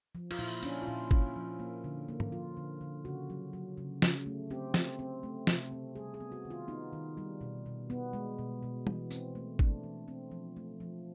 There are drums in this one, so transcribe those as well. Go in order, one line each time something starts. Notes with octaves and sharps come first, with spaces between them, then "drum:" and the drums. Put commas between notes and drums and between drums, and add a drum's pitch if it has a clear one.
F3
F4, drum: cymbal
A#2 E4
C#4 D4, drum: tambourine
F4
A#2 E4
C#4, drum: kick G#1
F3
A#3
D3
A#3
drum: tom
F3 F4
D3
D3
C#3 F#4
F#3
F#3
C#3
C#3, drum: snare
A3
C4 G4
C4, drum: snare
C4
A3
C3, drum: snare
C4
G3 G#4
G#4
B3
F#4
D#3
F4
B3 D#4
D#3
G3
B2
B2
B3
G#3
B2
B2
E3, drum: tom
C4, drum: tambourine
A3
A3 D4, drum: kick G#1
E3
C4
F3
A3
F3